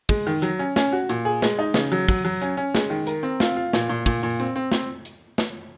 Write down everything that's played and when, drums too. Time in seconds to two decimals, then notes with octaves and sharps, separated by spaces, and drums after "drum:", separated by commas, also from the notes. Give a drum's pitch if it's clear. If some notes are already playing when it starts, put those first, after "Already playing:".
0.09 G#3, drum: kick, open hi-hat
0.27 D#3
0.42 F#3, drum: hi-hat
0.59 C#4
0.76 C#4, drum: snare
0.93 F#4
1.09 A#2, drum: hi-hat
1.25 G#4
1.42 G#3, drum: snare
1.59 D#4
1.74 C#3, drum: snare
1.92 F#3
2.08 F#3, drum: kick, open hi-hat
2.25 F#3
2.42 C#4, drum: hi-hat
2.57 C#4
2.75 G#3, drum: snare
2.90 D#3
3.07 A#4, drum: hi-hat
3.23 C4
3.40 F4, drum: snare
3.56 F4
3.73 A#2, drum: snare
3.89 A#2
4.06 A#2, drum: kick, open hi-hat
4.23 A#2
4.40 C4, drum: hi-hat
4.56 C4
4.72 C4, drum: snare
5.05 drum: hi-hat
5.38 drum: snare